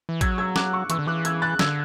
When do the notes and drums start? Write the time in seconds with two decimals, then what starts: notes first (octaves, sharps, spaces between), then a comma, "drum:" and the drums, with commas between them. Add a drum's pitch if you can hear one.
0.09 E3
0.21 F#3 E6 G#6, drum: kick A1, hi-hat
0.38 E6 G#6
0.56 D6 F#6, drum: snare
0.73 C#6 E6
0.90 E3 C#6 E6, drum: hi-hat
0.99 D3
1.07 E3 D6 F#6
1.25 E6 G#6, drum: hi-hat
1.42 F#6 A6
1.59 D3 E6 G#6, drum: snare